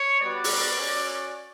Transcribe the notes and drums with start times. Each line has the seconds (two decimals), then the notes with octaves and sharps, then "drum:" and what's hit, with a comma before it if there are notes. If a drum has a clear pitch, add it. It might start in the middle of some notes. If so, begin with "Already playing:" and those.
Already playing: C#5
0.21 G3 B3 F#4 D5
0.44 drum: open hi-hat
0.76 C#4 F#4